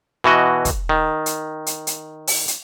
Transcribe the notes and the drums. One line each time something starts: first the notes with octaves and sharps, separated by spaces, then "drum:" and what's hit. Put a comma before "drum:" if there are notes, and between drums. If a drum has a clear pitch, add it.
B2 E3 F#4 D#5
drum: kick, hi-hat
D#3
drum: hi-hat
drum: hi-hat
drum: hi-hat
drum: open hi-hat
drum: hi-hat